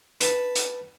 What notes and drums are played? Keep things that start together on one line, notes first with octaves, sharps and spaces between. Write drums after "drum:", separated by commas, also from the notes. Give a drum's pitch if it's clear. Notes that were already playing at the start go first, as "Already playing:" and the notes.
B4 A5 B5, drum: hi-hat
drum: hi-hat